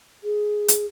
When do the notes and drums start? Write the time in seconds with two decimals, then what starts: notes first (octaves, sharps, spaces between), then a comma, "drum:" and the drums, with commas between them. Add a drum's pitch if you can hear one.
0.24 G#4
0.68 drum: hi-hat